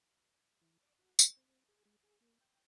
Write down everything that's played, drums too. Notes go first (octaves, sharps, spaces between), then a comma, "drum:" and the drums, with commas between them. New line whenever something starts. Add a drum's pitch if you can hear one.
E3
D5
F#4
G3, drum: tambourine
C4
G#4
G#3
G#4
A#3
G5